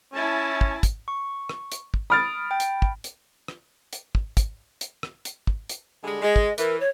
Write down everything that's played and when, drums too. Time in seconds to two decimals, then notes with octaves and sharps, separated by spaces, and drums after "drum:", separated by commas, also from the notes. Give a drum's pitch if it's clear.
0.13 C#4 E4 G#5 A5
0.61 drum: kick
0.83 drum: kick, hi-hat
1.08 C#6
1.49 drum: rim click
1.72 drum: hi-hat
1.94 drum: kick
2.10 B5 D#6 F6 A6 D7
2.51 G5
2.60 drum: hi-hat
2.82 drum: kick
3.04 drum: hi-hat
3.48 drum: rim click
3.93 drum: hi-hat
4.15 drum: kick
4.37 drum: kick, hi-hat
4.81 drum: hi-hat
5.03 drum: rim click
5.25 drum: hi-hat
5.47 drum: kick
5.69 drum: hi-hat
6.04 D3 G3 G#3
6.22 G#3 D#5
6.36 drum: kick
6.58 E3 A#4, drum: hi-hat
6.80 C#5